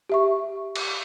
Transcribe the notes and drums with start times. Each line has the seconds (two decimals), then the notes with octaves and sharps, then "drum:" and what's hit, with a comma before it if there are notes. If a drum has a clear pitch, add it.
0.09 G4 E5 C#6
0.76 drum: cymbal